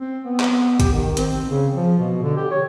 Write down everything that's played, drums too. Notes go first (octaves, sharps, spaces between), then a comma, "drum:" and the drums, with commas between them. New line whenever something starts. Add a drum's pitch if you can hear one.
C4
B3
drum: clap
G4, drum: kick G1, hi-hat
D#3
C4, drum: hi-hat
C#3
F3
B2
D3
G4
C#5